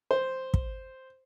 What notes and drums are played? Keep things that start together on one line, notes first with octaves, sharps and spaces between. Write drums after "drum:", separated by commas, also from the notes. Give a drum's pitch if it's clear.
C5
drum: kick